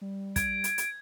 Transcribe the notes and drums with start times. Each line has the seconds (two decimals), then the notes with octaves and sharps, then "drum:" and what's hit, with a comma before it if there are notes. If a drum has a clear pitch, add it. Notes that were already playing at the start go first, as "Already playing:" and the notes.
0.01 G3
0.36 G#6 D7, drum: kick, hi-hat
0.64 drum: hi-hat
0.78 drum: hi-hat